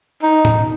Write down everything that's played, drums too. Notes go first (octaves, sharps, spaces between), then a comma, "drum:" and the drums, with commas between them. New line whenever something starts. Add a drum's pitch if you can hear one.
D#4
drum: tom A2